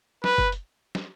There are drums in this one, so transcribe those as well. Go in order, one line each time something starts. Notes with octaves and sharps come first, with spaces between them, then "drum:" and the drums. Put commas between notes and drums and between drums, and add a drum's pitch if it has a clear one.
B4, drum: snare
drum: kick F#1
drum: hi-hat
drum: snare